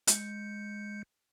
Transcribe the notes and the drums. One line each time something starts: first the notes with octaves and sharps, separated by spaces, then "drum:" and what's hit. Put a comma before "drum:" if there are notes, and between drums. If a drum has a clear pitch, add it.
G#3 G6 C#7, drum: hi-hat